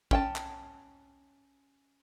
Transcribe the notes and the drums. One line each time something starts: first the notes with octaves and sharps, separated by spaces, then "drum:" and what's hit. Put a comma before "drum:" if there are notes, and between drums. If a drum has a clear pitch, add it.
C#4 G5 A5, drum: kick
drum: clap